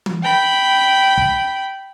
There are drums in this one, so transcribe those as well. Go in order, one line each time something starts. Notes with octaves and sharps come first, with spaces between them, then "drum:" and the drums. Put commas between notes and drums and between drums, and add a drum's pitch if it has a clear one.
drum: tom E3
G5 B5
drum: kick